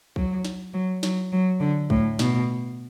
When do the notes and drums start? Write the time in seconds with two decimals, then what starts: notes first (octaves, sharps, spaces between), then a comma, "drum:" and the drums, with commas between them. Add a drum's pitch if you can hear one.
0.16 F#3, drum: kick B1
0.45 drum: snare
0.73 F#3
1.03 F#3, drum: snare
1.32 F#3
1.60 D3
1.90 A2, drum: kick B1
2.19 B2, drum: snare